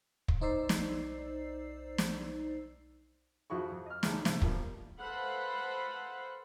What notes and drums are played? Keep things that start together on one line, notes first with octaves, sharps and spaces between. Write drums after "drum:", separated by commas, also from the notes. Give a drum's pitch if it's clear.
drum: kick
B1 D#4 C5 D5 E6 C7
drum: snare
drum: snare
F2 F3 E4 F#4 G#4 C#6
F2
D#5 F6
D2 A2 G3 G#3 D#4 A5, drum: snare
C2, drum: snare
B2 F3 G3 A#3, drum: kick
A4 B4 C5 F5 F#5 B5